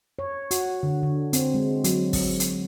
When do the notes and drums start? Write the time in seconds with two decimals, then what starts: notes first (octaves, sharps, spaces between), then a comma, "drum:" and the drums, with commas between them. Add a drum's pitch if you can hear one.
0.19 C#5
0.51 F#4, drum: hi-hat
0.83 D3
1.03 D3
1.33 C4, drum: hi-hat
1.54 G#3
1.84 F#3, drum: hi-hat
2.13 drum: kick, open hi-hat
2.40 drum: hi-hat